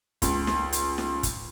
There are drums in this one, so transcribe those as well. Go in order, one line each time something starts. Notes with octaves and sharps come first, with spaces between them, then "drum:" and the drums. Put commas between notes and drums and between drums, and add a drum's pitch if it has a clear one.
C#2, drum: kick, hi-hat
drum: snare
drum: hi-hat
drum: snare
drum: kick, hi-hat